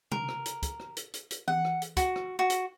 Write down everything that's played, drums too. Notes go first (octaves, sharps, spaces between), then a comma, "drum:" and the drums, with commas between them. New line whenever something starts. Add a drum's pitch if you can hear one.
A#4, drum: tom C3
drum: rim click
drum: hi-hat
drum: kick, hi-hat
drum: rim click
drum: hi-hat
drum: hi-hat
drum: hi-hat
F#5, drum: tom E3
drum: rim click
drum: hi-hat
F#4, drum: kick, hi-hat
drum: rim click
F#4
drum: hi-hat